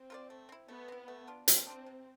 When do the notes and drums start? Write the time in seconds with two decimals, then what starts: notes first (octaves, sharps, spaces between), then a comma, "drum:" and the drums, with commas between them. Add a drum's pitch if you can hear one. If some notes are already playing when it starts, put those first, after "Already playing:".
Already playing: C4
0.10 F4 A#4 D5
0.30 A3
0.49 C4 E4
0.68 A3 B3
0.88 C4 E4
1.08 A3
1.27 D4 F4
1.48 A3 C4, drum: hi-hat
1.67 D4 F4
1.86 C3